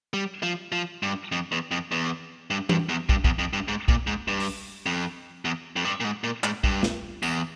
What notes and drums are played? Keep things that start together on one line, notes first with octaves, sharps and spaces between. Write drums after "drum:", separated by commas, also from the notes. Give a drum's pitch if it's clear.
G3
F3
F3
G2
F2
E2
F2
E2
G2
G2, drum: tom E3
E2
G2, drum: kick
E2, drum: kick
F2
G2
G#2
A#2, drum: kick
G#2
G2
drum: open hi-hat
F2
E2
F2
G2
A#2
G#2
A#2
G#2, drum: clap
G2, drum: kick
drum: snare
E2, drum: tambourine